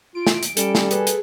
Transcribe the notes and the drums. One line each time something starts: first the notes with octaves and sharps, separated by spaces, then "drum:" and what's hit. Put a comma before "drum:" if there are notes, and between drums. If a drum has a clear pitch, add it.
F4 D7
drum: snare
drum: hi-hat
G3 C#4 A4, drum: hi-hat
drum: snare
G#4 B4, drum: hi-hat
drum: hi-hat